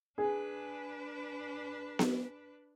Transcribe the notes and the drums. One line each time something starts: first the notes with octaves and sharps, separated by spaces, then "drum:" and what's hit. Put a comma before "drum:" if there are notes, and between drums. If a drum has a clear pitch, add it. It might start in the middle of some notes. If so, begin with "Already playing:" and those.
D4 G#4 B4
drum: snare B3